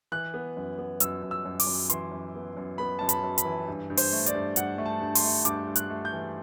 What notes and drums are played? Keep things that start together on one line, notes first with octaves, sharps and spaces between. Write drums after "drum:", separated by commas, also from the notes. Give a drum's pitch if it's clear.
E3 F#6
B3
F#2
B3
F#2 E6, drum: hi-hat
F#2
E6
F#2
D6, drum: open hi-hat
F#2
E3 C6, drum: hi-hat
F#2
B3
F#2
B3 B5
F#2 A5
B5, drum: hi-hat
F#2
B5, drum: hi-hat
E3
G2
G2
C5, drum: open hi-hat
A3
D5, drum: hi-hat
G2
G2 F#5, drum: hi-hat
A3
A5
G2
C6, drum: open hi-hat
A3
G2 D6, drum: hi-hat
G2
F#6, drum: hi-hat
A3
G6
E3